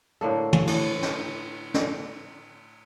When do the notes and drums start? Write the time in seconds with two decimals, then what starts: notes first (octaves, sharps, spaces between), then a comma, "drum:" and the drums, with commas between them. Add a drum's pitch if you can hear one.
0.21 A2 D3 A#3 A4
0.53 drum: tom
0.67 A2, drum: cymbal
1.02 drum: snare
1.74 drum: snare